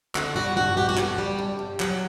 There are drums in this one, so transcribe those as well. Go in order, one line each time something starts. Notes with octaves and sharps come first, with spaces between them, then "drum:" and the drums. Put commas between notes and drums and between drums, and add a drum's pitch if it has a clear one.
D3 F#4, drum: clap
G3 F#4
G2 F#4
G2 G4
F#4
D3 G4, drum: clap
G3
G2
G2
F#3, drum: clap